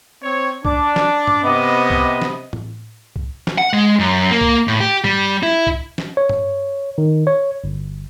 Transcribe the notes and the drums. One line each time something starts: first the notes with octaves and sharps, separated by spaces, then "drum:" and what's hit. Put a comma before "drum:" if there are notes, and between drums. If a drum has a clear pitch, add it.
C4 C#5
D4 D6, drum: kick C2
drum: snare
drum: tom G2
C3 B3 D#5
drum: kick C2
drum: snare
drum: tom A2
drum: kick C2
drum: snare
F#5
G#3
F#2
A#3
drum: kick C2
A2
G4
G3, drum: tom G2
E4
drum: kick C2
drum: snare
C#5
drum: tom G2
D#3
C#5
G1